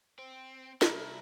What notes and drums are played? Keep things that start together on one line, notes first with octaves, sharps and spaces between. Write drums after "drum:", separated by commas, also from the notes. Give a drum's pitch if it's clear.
C4
C2 E4 A4 A#4, drum: snare